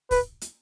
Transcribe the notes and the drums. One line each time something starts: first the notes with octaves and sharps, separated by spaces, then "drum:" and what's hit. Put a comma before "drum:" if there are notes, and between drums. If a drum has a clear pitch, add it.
B4, drum: kick, open hi-hat
drum: hi-hat